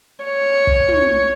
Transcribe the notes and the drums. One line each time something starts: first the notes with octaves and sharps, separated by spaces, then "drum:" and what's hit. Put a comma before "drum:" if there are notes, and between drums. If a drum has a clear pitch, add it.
C#5
drum: kick
drum: tom